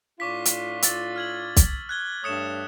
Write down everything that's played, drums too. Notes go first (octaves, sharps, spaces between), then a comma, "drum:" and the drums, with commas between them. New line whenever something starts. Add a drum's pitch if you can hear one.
A2 D4 F4 C#6 D6 B6
drum: hi-hat
E6 A6, drum: hi-hat
F6 G#6 F#7
drum: kick, hi-hat
F#6 G#6 G7
G2 A3 C#5 D#6 C#7 E7